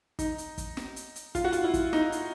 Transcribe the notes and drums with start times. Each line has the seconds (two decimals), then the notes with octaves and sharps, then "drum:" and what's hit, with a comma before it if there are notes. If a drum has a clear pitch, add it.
0.19 D#4, drum: kick, hi-hat
0.38 drum: hi-hat
0.58 drum: kick, hi-hat
0.77 drum: snare
0.96 drum: hi-hat
1.16 drum: hi-hat
1.35 F4, drum: kick, hi-hat
1.44 F#4
1.52 F4, drum: hi-hat
1.64 E4
1.74 drum: kick, hi-hat
1.93 D#4, drum: snare
2.12 drum: hi-hat